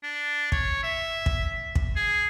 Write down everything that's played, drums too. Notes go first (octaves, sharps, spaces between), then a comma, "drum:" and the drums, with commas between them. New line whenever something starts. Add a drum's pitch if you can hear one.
D4
C#5, drum: kick
E5
drum: kick
drum: kick
G#4